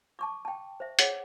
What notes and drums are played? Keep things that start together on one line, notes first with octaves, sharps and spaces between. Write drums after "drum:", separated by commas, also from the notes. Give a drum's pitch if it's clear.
A5 C#6 D6
G5 A5
C5 E5
G#4 C#5 F#5, drum: hi-hat